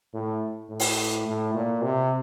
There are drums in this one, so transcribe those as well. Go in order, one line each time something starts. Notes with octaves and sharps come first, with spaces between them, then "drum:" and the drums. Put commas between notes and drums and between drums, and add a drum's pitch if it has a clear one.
A2
A2
drum: open hi-hat
A2
A#2
C3